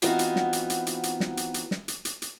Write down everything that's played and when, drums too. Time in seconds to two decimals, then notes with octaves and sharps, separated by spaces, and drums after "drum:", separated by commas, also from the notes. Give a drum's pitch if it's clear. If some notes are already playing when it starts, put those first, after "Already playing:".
0.02 E3 B3 C4 D#4 F4 F#4, drum: hi-hat
0.19 drum: hi-hat
0.36 drum: snare
0.53 drum: hi-hat
0.70 drum: hi-hat
0.87 drum: hi-hat
1.03 drum: hi-hat
1.20 drum: snare
1.37 drum: hi-hat
1.54 drum: hi-hat
1.71 drum: snare
1.88 drum: hi-hat
2.05 drum: hi-hat
2.22 drum: hi-hat